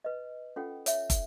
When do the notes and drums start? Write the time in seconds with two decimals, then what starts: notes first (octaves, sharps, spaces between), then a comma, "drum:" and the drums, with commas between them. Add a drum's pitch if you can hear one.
0.04 B4 D#5
0.56 C#4 F4 A4 F#5 G5
0.86 C#5 E5, drum: hi-hat
1.10 drum: kick, hi-hat